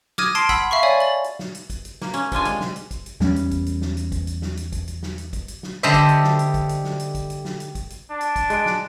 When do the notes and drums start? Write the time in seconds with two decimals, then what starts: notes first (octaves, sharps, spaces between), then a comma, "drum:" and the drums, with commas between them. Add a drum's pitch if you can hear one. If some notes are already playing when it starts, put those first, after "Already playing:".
0.18 D6 D#6 F6 G#6 A#6 D#7, drum: snare
0.35 A5 C6 C7 D7, drum: hi-hat
0.49 F#5 B5 E6 B6, drum: kick, hi-hat
0.71 E5 F5 B5 C#6
0.83 C#5 D5 F5 G#5
1.00 A6 F#7
1.24 drum: hi-hat
1.39 drum: snare
1.55 drum: hi-hat
1.70 drum: kick, hi-hat
1.85 drum: hi-hat
2.02 A#3, drum: snare
2.14 C#4, drum: hi-hat
2.32 C3 D4 F4 G#5, drum: kick, hi-hat
2.45 G#3, drum: hi-hat
2.60 drum: snare
2.76 drum: hi-hat
2.91 drum: kick, hi-hat
3.06 drum: hi-hat
3.20 E2 G3 B3 C#4, drum: snare
3.36 drum: hi-hat
3.51 drum: kick, hi-hat
3.66 drum: hi-hat
3.82 drum: snare
3.97 drum: hi-hat
4.12 drum: kick, hi-hat
4.27 drum: hi-hat
4.42 drum: snare
4.57 drum: hi-hat
4.72 drum: kick, hi-hat
4.88 drum: hi-hat
5.03 drum: snare
5.18 drum: hi-hat
5.33 drum: kick, hi-hat
5.48 drum: hi-hat
5.63 drum: snare
5.83 D3 G3 A4 C5 D#5 E5
5.93 drum: kick, hi-hat
6.09 drum: hi-hat
6.24 drum: snare
6.39 drum: hi-hat
6.54 drum: kick, hi-hat
6.69 drum: hi-hat
6.84 drum: snare
6.99 drum: hi-hat
7.15 drum: kick, hi-hat
7.30 drum: hi-hat
7.45 drum: snare
7.60 drum: hi-hat
7.75 drum: kick, hi-hat
7.90 drum: hi-hat
8.11 D4
8.21 drum: hi-hat
8.36 drum: kick, hi-hat
8.50 G#3 F#6 D7, drum: hi-hat
8.66 drum: snare